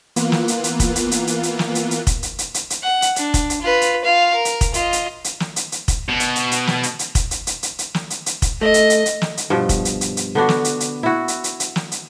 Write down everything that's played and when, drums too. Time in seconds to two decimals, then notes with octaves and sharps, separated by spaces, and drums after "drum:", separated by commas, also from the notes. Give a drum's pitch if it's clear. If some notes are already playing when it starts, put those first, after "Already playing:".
0.16 E3 A#3 B3 F4 F#6, drum: hi-hat
0.32 drum: snare
0.48 drum: hi-hat
0.64 drum: hi-hat
0.80 drum: kick, hi-hat
0.96 drum: hi-hat
1.11 drum: hi-hat
1.27 drum: hi-hat
1.43 drum: hi-hat
1.59 drum: snare
1.75 drum: hi-hat
1.91 drum: hi-hat
2.07 drum: kick, hi-hat
2.23 drum: hi-hat
2.39 drum: hi-hat
2.54 drum: hi-hat
2.70 drum: hi-hat
2.82 F#5
3.02 drum: hi-hat
3.16 D4, drum: hi-hat
3.34 drum: kick, hi-hat
3.50 drum: hi-hat
3.61 F4 B4
3.81 drum: hi-hat
4.04 F4 F5
4.34 A#4
4.45 drum: hi-hat
4.61 drum: kick, hi-hat
4.74 F4 D#5, drum: hi-hat
4.93 drum: hi-hat
5.24 drum: hi-hat
5.40 drum: snare
5.56 drum: hi-hat
5.72 drum: hi-hat
5.88 drum: kick, hi-hat
6.09 B2
6.20 drum: hi-hat
6.36 drum: hi-hat
6.51 drum: hi-hat
6.67 drum: snare
6.83 drum: hi-hat
6.99 drum: hi-hat
7.15 drum: kick, hi-hat
7.31 drum: hi-hat
7.47 drum: hi-hat
7.63 drum: hi-hat
7.79 drum: hi-hat
7.94 drum: snare
8.10 drum: hi-hat
8.26 drum: hi-hat
8.42 drum: kick, hi-hat
8.61 A3 D#5
8.74 drum: hi-hat
8.90 drum: hi-hat
9.06 drum: hi-hat
9.22 drum: snare
9.37 drum: hi-hat
9.50 G2 B2 F3
9.69 drum: kick, hi-hat
9.85 drum: hi-hat
10.01 drum: hi-hat
10.17 drum: hi-hat
10.35 D3 B3 D4 F#4
10.49 drum: snare
10.64 drum: hi-hat
10.80 drum: hi-hat
11.03 E4 F#4
11.28 drum: hi-hat
11.44 drum: hi-hat
11.60 drum: hi-hat
11.76 drum: snare
11.92 drum: hi-hat